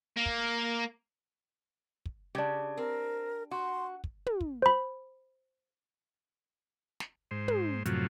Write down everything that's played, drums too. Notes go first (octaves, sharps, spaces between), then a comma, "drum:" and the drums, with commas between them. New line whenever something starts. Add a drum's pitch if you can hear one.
A#3
drum: kick
drum: kick
C#3 D4 G4
C4 A#4
F#4 C6
drum: kick
drum: tom
drum: kick
C5 B5
drum: snare
G#2 C5
drum: tom
F#2 A2 C3 F3 F#3, drum: hi-hat